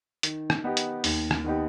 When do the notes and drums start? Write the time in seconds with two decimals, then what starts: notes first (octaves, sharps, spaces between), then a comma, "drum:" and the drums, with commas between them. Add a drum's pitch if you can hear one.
0.23 D#3, drum: hi-hat
0.50 drum: rim click
0.64 B3 D#4 G4
0.77 drum: hi-hat
1.04 D#2, drum: open hi-hat
1.31 drum: rim click
1.44 D#3 B3 D#4 G4